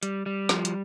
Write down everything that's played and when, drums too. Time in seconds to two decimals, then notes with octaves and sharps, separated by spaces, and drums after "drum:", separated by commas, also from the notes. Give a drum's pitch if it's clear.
0.03 G3, drum: hi-hat
0.26 G3
0.49 F3, drum: snare
0.65 drum: hi-hat